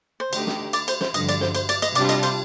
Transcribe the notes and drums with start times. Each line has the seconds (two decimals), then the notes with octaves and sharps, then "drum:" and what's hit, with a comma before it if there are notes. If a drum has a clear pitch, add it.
0.20 C5
0.33 D3 A3 D#4 G4, drum: cymbal
0.47 drum: snare
0.73 D5, drum: cymbal
0.88 C5, drum: cymbal
1.01 C5, drum: snare
1.14 G2 D3 F3 D#5, drum: cymbal
1.29 D5, drum: cymbal
1.41 C5, drum: snare
1.55 C5, drum: cymbal
1.69 D5, drum: cymbal
1.82 D#5, drum: cymbal
1.95 C3 G3 D4 F4 D5, drum: cymbal
2.09 D#5, drum: cymbal
2.23 C5, drum: cymbal